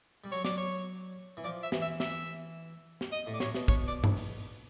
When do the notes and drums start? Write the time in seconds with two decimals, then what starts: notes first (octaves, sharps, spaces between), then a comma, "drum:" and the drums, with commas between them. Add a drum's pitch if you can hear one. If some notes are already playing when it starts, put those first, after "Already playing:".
0.24 G3
0.32 F#3 C#5
0.45 D5, drum: snare
0.57 C#5
1.37 E3
1.44 F3 D5
1.63 E5
1.72 E3, drum: snare
1.82 E5
2.00 E5, drum: snare
3.01 drum: snare
3.12 D#5
3.27 A2
3.34 D5
3.40 A2 C#5, drum: snare
3.55 B2, drum: snare
3.68 C#5, drum: kick
3.87 D5
4.04 drum: tom G2
4.17 drum: open hi-hat